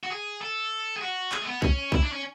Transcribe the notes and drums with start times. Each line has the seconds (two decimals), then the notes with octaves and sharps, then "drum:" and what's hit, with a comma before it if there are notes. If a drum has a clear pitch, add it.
0.03 F#4
0.11 G#4
0.41 A4
0.97 G#4
1.02 F#4
1.32 G#4, drum: clap
1.41 A3
1.47 B3
1.62 C#4, drum: kick
1.92 E4, drum: kick
2.02 D4
2.12 C#4